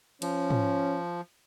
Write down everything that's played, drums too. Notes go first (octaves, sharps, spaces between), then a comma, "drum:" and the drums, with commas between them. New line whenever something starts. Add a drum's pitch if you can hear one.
F3 C#4, drum: cymbal
drum: tom G#2